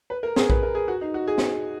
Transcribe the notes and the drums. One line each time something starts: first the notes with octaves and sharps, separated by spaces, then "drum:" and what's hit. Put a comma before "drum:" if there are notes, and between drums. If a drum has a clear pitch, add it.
B4
A#4
G#4, drum: snare
B4, drum: kick A#1
A#4
G#4
F#4
D#4
F#4
G#4
drum: snare